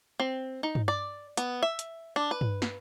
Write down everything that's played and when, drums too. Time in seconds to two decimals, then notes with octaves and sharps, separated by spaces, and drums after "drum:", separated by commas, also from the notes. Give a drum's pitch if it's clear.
0.20 C4
0.63 D#4
0.75 drum: tom G2
0.88 D5
1.37 B3, drum: hi-hat
1.63 E5
1.79 drum: hi-hat
2.16 D4
2.31 B4
2.41 drum: tom G2
2.62 drum: snare